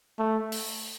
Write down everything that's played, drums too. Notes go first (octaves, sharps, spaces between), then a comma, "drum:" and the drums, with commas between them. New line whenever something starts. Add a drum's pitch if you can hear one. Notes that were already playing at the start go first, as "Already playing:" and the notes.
A3
drum: open hi-hat